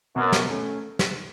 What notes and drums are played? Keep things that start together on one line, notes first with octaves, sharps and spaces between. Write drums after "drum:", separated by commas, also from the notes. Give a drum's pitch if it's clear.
F#2 B2
drum: snare
A3 C#4
drum: snare